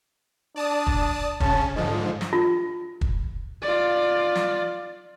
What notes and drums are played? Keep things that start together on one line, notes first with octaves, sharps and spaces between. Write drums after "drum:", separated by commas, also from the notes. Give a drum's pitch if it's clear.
D4 D5 A5 D#6
drum: kick
C#3 C#4 A5, drum: kick
G#2 D3 F3 D#5
drum: snare
F4
drum: kick
F4 D5
drum: snare